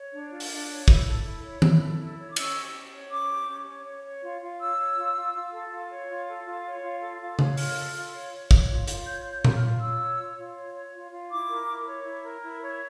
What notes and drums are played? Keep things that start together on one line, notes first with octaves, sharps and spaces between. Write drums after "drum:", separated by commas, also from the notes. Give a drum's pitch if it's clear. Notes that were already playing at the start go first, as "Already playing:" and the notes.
Already playing: C#5
D4
F4
drum: open hi-hat
D4
C#5
E4, drum: kick
A4
E4
C#5
E4, drum: tom D#3
A4
E4
C#5
D6
C#4 E6, drum: cymbal
G4
C#4
C#5
C#4 D6
G4
C#4
C#5
C#5
C#5
F4
F4
C#5 E6
C#5
F4
F4
F4
A4
F4
C#5
F4
A4
F4
C#5
F4
A4
F4
C#5, drum: tom C#3
F4 F6, drum: open hi-hat
A4
F4
C#5
C#5
C#5, drum: kick
F4
F4, drum: hi-hat
C#5 G6
C#5
G6
F4, drum: tom A#2
F6
F4
C#5 E6
C#5
F4
F4
C#5
C#5
F4
F4
E4 D6
A#4
E4
C#5
E4
A#4
E4
C#5